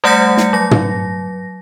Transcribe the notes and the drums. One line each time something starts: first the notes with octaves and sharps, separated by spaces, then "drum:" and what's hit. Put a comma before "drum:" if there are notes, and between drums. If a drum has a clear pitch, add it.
G3 A3 F#5 G6 A#6 C#7
drum: snare
F#3 A#6
drum: tom